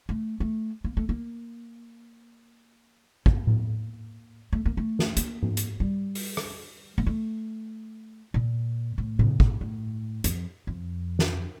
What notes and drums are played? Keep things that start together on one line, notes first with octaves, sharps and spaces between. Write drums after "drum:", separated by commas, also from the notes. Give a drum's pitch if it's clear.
A3
A3
A#3
A3
A#3
A#3, drum: kick
drum: tom A2
A3
A#3
A3
drum: snare
A#3, drum: hi-hat
drum: tom G#2
drum: hi-hat
G3
drum: open hi-hat
drum: rim click
A#3
A3
A#2
A2
C#3, drum: tom A2
A#2, drum: kick
A2
F2, drum: hi-hat
F2
drum: snare